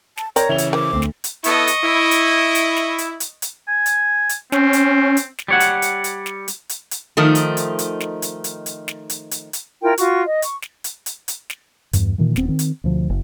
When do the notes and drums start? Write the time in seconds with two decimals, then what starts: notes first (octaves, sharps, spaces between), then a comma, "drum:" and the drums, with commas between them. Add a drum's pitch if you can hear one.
0.17 A5, drum: snare
0.36 C4 A#4 C#5 D5 A#5, drum: hi-hat
0.49 C#3 E3 E5 F7 G7
0.58 drum: hi-hat
0.73 A#4 C5 D6
0.93 D2 C4
1.02 drum: snare
1.24 drum: hi-hat
1.44 B3 E4 A4 D#5 C#6, drum: hi-hat
1.67 drum: hi-hat
1.83 E4
2.11 drum: hi-hat
2.55 drum: hi-hat
2.77 drum: snare
2.98 drum: hi-hat
3.20 drum: hi-hat
3.42 drum: hi-hat
3.68 G#5
3.86 drum: hi-hat
4.29 drum: hi-hat
4.52 C4 C#4, drum: snare
4.73 drum: hi-hat
5.17 drum: hi-hat
5.38 drum: snare
5.48 G3 C#5 F#5
5.60 drum: hi-hat
5.82 drum: hi-hat
6.04 drum: hi-hat
6.26 drum: snare
6.48 drum: hi-hat
6.69 drum: hi-hat
6.91 drum: hi-hat
7.17 D#3 F3 A3 D#4
7.35 drum: hi-hat
7.57 drum: hi-hat
7.79 drum: hi-hat
8.00 drum: snare
8.22 drum: hi-hat
8.44 drum: hi-hat
8.66 drum: hi-hat
8.88 drum: snare
9.10 drum: hi-hat
9.31 drum: hi-hat
9.53 drum: hi-hat
9.81 E4 F4 A#4 G5
9.98 F4 F#4 C#6, drum: hi-hat
10.25 D#5
10.42 C#6, drum: hi-hat
10.62 drum: snare
10.84 drum: hi-hat
11.06 drum: hi-hat
11.28 drum: hi-hat
11.50 drum: snare
11.93 E2 G2, drum: hi-hat
12.18 A#2 D#3 E3
12.36 D#1 B3 C4, drum: snare
12.49 D#3 C4
12.59 drum: hi-hat
12.84 D2 B2 F3
13.09 F#1